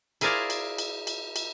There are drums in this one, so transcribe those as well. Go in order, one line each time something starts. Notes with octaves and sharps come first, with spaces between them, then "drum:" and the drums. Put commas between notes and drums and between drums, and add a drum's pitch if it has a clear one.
E4 G#4 A#4 C5 D5 F5, drum: cymbal
drum: cymbal
drum: cymbal
drum: cymbal
drum: cymbal